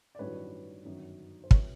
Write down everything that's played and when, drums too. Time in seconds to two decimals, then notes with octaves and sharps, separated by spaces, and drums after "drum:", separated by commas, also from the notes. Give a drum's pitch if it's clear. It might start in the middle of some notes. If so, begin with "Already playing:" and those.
0.15 D5
0.19 A1 G2 D#3 F#3 B4 C#5
0.85 G1 F#2 D#3 F#3
1.44 C5
1.51 B4 C#5, drum: kick
1.54 C3 F3